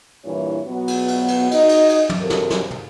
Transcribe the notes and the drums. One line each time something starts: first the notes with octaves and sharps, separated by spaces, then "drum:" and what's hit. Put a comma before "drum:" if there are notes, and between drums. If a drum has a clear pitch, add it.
G2 A#2 E3 E4 C#5
B2 F#3 B3
drum: cymbal
drum: cymbal
drum: cymbal
D#4 F#4 D#5, drum: cymbal
drum: cymbal
drum: cymbal
drum: tom
C3 F#3 A4 A#4
drum: snare
drum: snare
drum: tom